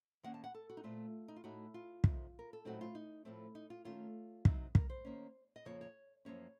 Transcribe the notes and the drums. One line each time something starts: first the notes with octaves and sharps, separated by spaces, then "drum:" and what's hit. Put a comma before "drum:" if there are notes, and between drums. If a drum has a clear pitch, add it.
D#3 A#3 C#4 F#5
A5
F#5
A4
F#4
D#4
A#2 A3 C4 F4
D#4
F4
A2 A3 D#4 F#4
F4
F2 C3 D#3, drum: kick
A#4
A4
A2 F#3 A3 C4 D#4 F#4
F4
D#4
A2 F3 A3 C4
D#4
F4
D#3 A3 C#4 F4
C3 F#3 C4 D#4, drum: kick
A#4, drum: kick
C5
D#3 A#3 C#4
D#5
F2 C#3 F3 A#3 C#5
C#5
F#2 F3 A#3 C#4 C#5